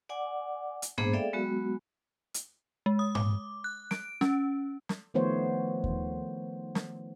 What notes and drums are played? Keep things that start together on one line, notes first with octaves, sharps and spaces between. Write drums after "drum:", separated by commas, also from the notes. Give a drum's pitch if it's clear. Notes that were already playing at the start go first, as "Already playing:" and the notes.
D5 F#5 G#5 D6
drum: hi-hat
G#3 A#3 B3 D4 G#4 C5, drum: tom G#2
G#4 A4 D5 E5 F5 G5
F#3 G#3 B3 F#4
drum: hi-hat
G#3
D#6
D6, drum: tom G#2
F#6
D7, drum: snare
C#4, drum: snare
drum: snare
D#3 F3 A3 B3 C5 C#5
drum: kick D#2
drum: snare